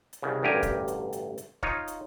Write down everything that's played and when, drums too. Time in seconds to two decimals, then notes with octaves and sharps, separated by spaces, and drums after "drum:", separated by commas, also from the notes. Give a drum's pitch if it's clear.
0.13 drum: hi-hat
0.22 C2 C#3
0.43 A1 D2 G2 G4 A#4 G#5
0.63 drum: kick, hi-hat
0.88 drum: hi-hat
1.13 drum: hi-hat
1.38 drum: hi-hat
1.63 D#4 F4 C#5, drum: kick
1.88 drum: hi-hat